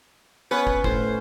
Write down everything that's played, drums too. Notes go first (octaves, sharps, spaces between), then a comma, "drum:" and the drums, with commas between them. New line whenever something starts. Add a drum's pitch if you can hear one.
B3 C#4 B4 C#5
drum: kick
A2 C5, drum: kick